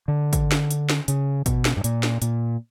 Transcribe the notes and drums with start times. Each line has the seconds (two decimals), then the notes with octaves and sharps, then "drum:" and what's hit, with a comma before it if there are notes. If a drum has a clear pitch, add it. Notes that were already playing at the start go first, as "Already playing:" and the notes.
0.08 D3
0.33 drum: kick G#1, hi-hat
0.52 drum: snare
0.71 drum: hi-hat
0.89 drum: snare
1.08 C#3, drum: hi-hat
1.46 B2, drum: kick G#1, hi-hat
1.65 drum: snare
1.77 G2
1.84 A#2, drum: hi-hat
2.03 drum: snare
2.22 A#2, drum: hi-hat